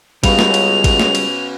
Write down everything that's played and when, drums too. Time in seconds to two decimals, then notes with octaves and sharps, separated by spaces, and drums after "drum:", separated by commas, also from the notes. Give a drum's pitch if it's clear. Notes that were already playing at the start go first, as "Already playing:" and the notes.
0.24 C#2 C#3 G3 B3 F#4 F7, drum: kick A1, cymbal
0.39 drum: snare
0.54 drum: cymbal
0.84 drum: kick A1, cymbal
1.00 drum: snare
1.15 drum: cymbal